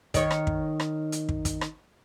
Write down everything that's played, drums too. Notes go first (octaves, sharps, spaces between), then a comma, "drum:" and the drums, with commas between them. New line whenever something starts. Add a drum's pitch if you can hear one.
D#3 C#5, drum: kick, hi-hat
drum: rim click
drum: kick
drum: rim click
drum: hi-hat
drum: kick
drum: kick, hi-hat
drum: rim click